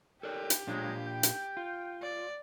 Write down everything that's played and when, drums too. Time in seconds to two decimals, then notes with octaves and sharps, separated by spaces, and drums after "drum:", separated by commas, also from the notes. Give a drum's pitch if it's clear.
0.23 G4 A4 A#4 D5
0.50 drum: hi-hat
0.67 A#2 F#3 G#3 D4 F4
1.05 G5
1.23 drum: hi-hat
1.57 F4
2.02 D5